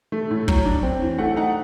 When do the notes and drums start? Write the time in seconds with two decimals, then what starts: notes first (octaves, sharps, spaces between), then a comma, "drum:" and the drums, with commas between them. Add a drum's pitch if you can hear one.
0.12 A3
0.31 A2
0.48 F#3, drum: kick
0.65 D4
0.83 C4
1.02 E3
1.18 A3 F#5
1.36 D#4 F#5